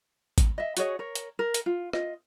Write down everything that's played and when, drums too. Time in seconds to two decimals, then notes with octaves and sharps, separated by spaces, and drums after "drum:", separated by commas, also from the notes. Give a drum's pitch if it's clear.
0.38 drum: kick, hi-hat
0.58 D#5 E5
0.77 F#4 G#4 C#5 D#5, drum: hi-hat
0.99 A#4 C#5
1.15 drum: hi-hat
1.39 A#4
1.54 drum: hi-hat
1.66 F4
1.93 F4 D#5, drum: rim click